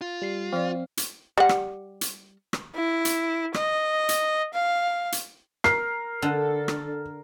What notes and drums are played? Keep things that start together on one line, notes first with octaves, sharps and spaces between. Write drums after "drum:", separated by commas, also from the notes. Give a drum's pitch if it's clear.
F4
G3 C7
F3 C4 D5 F5
drum: hi-hat
G3 F#5
drum: rim click
drum: hi-hat
drum: rim click
E4
drum: hi-hat
D#5, drum: rim click
drum: hi-hat
F5
drum: hi-hat
A#4 C7, drum: rim click
D3 A4
drum: rim click